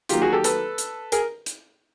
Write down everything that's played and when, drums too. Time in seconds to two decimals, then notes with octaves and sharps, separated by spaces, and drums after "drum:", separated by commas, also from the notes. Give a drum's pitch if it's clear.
0.09 D#3 F#3 A#3 F4 G4, drum: hi-hat
0.22 F#4 G#4
0.33 G4 A4
0.44 A4 B4, drum: hi-hat
0.78 drum: hi-hat
1.12 G#4 A#4, drum: hi-hat
1.46 drum: hi-hat